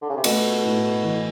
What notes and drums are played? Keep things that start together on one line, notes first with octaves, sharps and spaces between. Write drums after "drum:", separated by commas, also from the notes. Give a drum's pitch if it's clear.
D3
C#3
C3
B2 A3, drum: cymbal
A2
E3